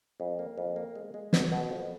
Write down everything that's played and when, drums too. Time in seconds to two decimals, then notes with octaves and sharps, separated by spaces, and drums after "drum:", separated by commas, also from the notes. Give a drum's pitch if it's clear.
0.20 F2
0.39 A#3
0.58 F2
0.76 A#3
0.95 G#3
1.14 G#3
1.33 B2, drum: snare
1.52 B2
1.70 F2